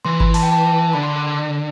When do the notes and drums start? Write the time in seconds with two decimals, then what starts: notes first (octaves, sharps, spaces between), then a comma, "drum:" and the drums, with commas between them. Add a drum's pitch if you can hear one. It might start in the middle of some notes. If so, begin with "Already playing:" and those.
0.05 E3 C6
0.20 B5, drum: kick G1
0.34 A5, drum: open hi-hat
0.43 G5
0.52 A5
0.93 D3 B5
1.03 C6